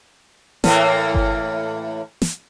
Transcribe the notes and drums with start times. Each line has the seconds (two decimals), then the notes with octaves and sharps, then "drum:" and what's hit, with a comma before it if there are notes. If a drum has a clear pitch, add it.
0.64 A2 E3 A#3, drum: snare
1.14 drum: kick G1
2.22 drum: snare